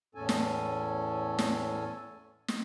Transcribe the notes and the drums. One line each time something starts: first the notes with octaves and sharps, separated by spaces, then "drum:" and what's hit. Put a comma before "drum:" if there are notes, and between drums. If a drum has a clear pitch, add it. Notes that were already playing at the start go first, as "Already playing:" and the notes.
E2 A2 C#4 A4 G#5
drum: snare
drum: snare
drum: snare